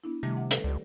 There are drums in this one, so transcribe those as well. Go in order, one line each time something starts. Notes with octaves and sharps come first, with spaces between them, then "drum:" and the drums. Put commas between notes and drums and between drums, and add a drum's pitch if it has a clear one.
B3 D4 E4
C3 D#3 G3 A3
F#5
A4 B4, drum: hi-hat
C#2 G4 D5